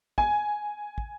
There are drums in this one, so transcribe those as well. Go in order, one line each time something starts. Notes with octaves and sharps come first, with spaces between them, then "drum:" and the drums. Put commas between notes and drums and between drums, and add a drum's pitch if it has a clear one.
G#5, drum: kick
drum: kick